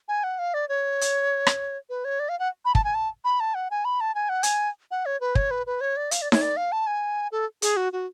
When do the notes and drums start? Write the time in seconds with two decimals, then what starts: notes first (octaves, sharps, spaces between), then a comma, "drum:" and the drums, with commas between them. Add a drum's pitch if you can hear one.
0.08 G#5
0.24 F#5
0.39 F5
0.54 D5
0.69 C#5
1.01 drum: hi-hat
1.47 drum: rim click
1.90 B4
2.05 C#5
2.20 D5
2.29 F5
2.39 F#5
2.65 B5
2.75 A5, drum: kick
2.84 G#5
2.94 A5
3.25 B5
3.40 A5
3.55 F#5
3.71 G#5
3.85 B5
4.01 A5
4.15 G#5
4.29 F#5
4.43 G#5, drum: hi-hat
4.91 F#5
5.06 C#5
5.21 B4
5.35 C#5, drum: kick
5.51 B4
5.67 B4
5.81 C#5
5.97 D5
6.11 F5, drum: hi-hat
6.22 D5
6.32 C#5, drum: snare D#4
6.41 D5
6.57 F5
6.72 A5
6.87 G#5
7.32 A4
7.62 G#4, drum: hi-hat
7.77 F#4
7.93 F#4